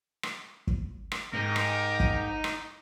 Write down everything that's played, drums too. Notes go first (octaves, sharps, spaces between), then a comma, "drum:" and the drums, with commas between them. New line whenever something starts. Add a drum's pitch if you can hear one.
drum: rim click
drum: kick
drum: rim click
G#2 D#4 G4 A#4
drum: rim click
drum: kick
drum: rim click